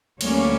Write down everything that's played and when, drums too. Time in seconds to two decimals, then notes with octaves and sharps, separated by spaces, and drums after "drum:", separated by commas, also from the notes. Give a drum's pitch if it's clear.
0.21 D2 D3 G3 A#3 C#4 C#5, drum: cymbal